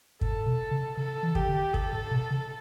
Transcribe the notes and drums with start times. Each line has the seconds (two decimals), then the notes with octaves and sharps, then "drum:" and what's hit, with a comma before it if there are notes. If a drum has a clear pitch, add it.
0.21 A2 A4, drum: kick
0.46 B2
0.71 C#3
0.97 C#3 A4
1.23 E3
1.35 G4, drum: kick
1.49 D3
1.74 A4, drum: kick
1.93 A2
2.11 B2
2.31 C#3